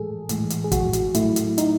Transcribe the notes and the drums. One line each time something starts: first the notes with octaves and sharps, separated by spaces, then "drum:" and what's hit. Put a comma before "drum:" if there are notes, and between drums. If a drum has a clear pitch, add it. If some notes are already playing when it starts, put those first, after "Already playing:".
Already playing: A2 E3 G#3 G#4 A4
A2 E3 G#3, drum: hi-hat
drum: hi-hat
G#4
F#4, drum: kick, hi-hat
drum: hi-hat
A2 F#3 A3 E4, drum: hi-hat
drum: hi-hat
D#4, drum: hi-hat